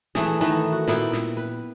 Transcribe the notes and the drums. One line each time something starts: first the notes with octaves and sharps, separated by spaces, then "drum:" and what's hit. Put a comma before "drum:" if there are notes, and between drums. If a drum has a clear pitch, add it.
E3 A3 G#4, drum: snare
D#3 E3 A3 D#4
F#4
A#2 B3 E4 G5, drum: snare
drum: snare
B4